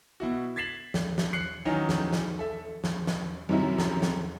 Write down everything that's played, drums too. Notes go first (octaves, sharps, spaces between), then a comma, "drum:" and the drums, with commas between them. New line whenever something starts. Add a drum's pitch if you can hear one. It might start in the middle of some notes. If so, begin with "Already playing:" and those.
B2 E4 F#4
G#6 A6 B6 C7 E7 F#7
drum: snare
drum: snare
F#6 C7 C#7 F#7
D#3 E3 F#3 C#4 D#4
drum: snare
drum: snare
A4 E5
drum: snare
drum: snare
F#2 C3 D#3 F#3 C#4 E4
drum: snare
drum: snare